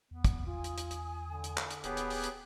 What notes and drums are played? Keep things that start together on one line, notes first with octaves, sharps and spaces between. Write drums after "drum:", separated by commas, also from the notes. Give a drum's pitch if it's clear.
E2 B3
drum: kick, hi-hat
F4 G#5 D#6
drum: hi-hat
drum: hi-hat
drum: hi-hat
D3
drum: hi-hat
drum: clap
drum: hi-hat
D#1 B3 G4 G#4 C#5 A5 B5, drum: hi-hat
drum: hi-hat
drum: open hi-hat
drum: hi-hat